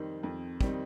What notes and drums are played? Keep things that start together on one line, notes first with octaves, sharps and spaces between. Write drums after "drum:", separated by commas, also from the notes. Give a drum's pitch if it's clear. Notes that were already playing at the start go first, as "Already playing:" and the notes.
Already playing: F2 D#3 G3 C4 D#4
F2
D#3 G3 C4 D#4, drum: kick